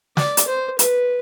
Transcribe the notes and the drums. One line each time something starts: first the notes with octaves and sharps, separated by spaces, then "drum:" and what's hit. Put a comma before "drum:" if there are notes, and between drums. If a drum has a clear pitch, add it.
D5, drum: snare
drum: hi-hat
C5
B4, drum: hi-hat